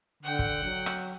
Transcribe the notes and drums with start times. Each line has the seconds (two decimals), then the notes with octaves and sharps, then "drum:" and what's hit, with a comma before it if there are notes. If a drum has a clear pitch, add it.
0.23 D3 F#5 G5
0.39 drum: kick
0.64 F#3
0.86 drum: rim click